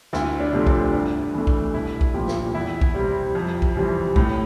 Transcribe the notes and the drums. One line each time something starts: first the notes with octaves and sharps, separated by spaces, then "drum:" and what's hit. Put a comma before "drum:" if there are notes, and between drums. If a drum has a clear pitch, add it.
D2 E4, drum: snare
D4
C3 F3 A3
D4, drum: kick
G2
E3 A3
drum: kick
C2 E4
drum: kick
A#2 F3 G4
drum: snare
E2 E4
drum: kick
C3 G3
F2
drum: kick
C3 E3 G3
A2, drum: kick